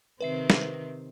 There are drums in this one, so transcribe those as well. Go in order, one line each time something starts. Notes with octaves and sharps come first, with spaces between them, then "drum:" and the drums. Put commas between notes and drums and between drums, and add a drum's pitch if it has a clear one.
C3 D#3 C4 B4 E5 C7
drum: snare